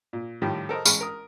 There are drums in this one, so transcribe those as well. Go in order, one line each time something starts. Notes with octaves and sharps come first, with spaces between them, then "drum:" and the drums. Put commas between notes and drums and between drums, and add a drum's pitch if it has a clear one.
A#2
A2 D#3 F3 G3 G4
A4 A#4 C5 D#5
A1 G#3 B5 C#6 F6, drum: tambourine
A#4 D#6